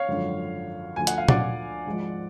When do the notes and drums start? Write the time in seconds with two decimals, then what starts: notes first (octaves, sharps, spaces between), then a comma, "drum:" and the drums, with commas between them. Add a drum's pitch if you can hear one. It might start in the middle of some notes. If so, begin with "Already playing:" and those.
Already playing: C#5 F5
0.08 G#1 F#2 D3 F3
0.96 D2 D3 F3 G#5
1.07 F#5, drum: hi-hat
1.18 F5
1.29 D5 F#5, drum: tom
1.86 G#1 G#2 F3